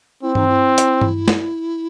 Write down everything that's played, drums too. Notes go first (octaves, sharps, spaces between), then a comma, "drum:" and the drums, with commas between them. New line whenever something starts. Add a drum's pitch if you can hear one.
C4 E4
D#4, drum: tom G2
E4
drum: hi-hat
drum: tom G2
drum: snare